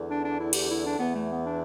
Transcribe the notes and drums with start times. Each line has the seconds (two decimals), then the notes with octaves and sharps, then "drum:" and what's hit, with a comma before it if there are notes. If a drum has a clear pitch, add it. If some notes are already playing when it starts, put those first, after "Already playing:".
Already playing: E2 D3
0.09 D4
0.24 D4
0.38 E4
0.53 G4, drum: cymbal
0.68 E4
0.84 D4
0.98 E2 E3 B3
1.13 A3
1.29 B3
1.43 D4